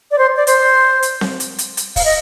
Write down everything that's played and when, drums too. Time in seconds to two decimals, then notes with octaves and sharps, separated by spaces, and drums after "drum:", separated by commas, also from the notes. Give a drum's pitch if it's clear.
0.11 D5
0.18 C5
0.36 D5
0.47 C5, drum: hi-hat
1.03 drum: hi-hat
1.21 drum: snare C4
1.40 drum: hi-hat
1.58 drum: hi-hat
1.77 drum: hi-hat
1.96 F5, drum: kick, open hi-hat
2.05 D#5